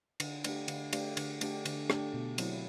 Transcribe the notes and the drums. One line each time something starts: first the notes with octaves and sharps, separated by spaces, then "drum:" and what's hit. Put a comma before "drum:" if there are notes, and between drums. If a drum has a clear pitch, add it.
D3, drum: cymbal
A3 D4 G4, drum: cymbal
D3, drum: cymbal
A3 D4 G4, drum: cymbal
D3, drum: cymbal
A3 D4 G4, drum: cymbal
D3, drum: cymbal
A3 D4 G4, drum: rim click
B2
F#3 C4 E4, drum: cymbal